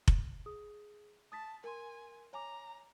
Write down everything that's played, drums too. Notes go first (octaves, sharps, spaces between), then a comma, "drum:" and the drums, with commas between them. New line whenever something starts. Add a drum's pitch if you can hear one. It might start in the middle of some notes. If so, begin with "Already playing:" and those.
drum: kick F1
G#4 D#6
A5 D#6 A6 B6
A#4 G#5 C6
C#5 G#5 A#5 D6